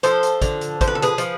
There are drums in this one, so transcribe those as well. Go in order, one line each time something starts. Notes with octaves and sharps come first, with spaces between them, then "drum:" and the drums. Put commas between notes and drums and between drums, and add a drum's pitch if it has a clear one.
F3 A4 C5, drum: hi-hat
drum: hi-hat
D3, drum: kick, hi-hat
drum: hi-hat
F3 C5, drum: kick, hi-hat
B4
A4
G#4 B4, drum: hi-hat
F3, drum: hi-hat